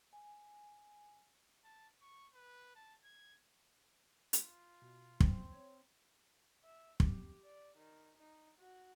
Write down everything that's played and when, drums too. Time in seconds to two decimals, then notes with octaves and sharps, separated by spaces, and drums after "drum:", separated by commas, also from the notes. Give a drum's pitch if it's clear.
0.13 G#5
1.64 A5
2.02 C#6
2.34 B4
2.75 A5
3.04 G#6
4.33 drum: hi-hat
4.42 F4
4.82 B2
5.20 C4, drum: kick
5.51 C#5
6.64 E5
7.00 G4, drum: kick
7.44 D5
7.77 D#3
8.18 D#4
8.58 F#4